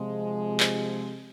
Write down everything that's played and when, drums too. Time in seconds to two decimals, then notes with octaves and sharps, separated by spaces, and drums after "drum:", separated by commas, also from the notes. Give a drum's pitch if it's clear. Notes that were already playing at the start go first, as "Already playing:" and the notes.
Already playing: C3 F3 G#3
0.60 drum: clap